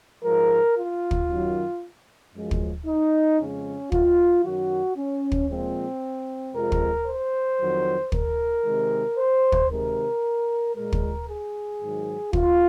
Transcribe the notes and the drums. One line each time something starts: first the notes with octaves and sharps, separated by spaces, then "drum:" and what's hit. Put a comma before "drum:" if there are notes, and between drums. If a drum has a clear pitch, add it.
G#2 F3 G#3 A#4
F4
drum: kick
F#2 D#3 F#3
F#2 F3 G#3
drum: kick
D#4
F2 C#3 G#3 C#4
F4, drum: kick
F#2 D#3 F#3 F#4
C#4
drum: kick
A#2 F3 G#3 C4
F2 C3 F3 G#3 A#4
drum: kick
C5
F2 D#3 F#3
A#4, drum: kick
C3 D#3 G#3
C5
drum: kick
C3 D#3 G#3 A#4
A#2 G#3 A#4
drum: kick
G#4
G#2 D#3 F#3
F4, drum: kick